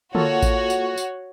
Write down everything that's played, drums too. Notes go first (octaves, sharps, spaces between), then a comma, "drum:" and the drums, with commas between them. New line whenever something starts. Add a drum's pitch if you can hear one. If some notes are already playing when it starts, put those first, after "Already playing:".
A#3 F4 F#4 A4 C#5, drum: tom D3
drum: kick A1, tambourine
drum: tambourine
drum: tambourine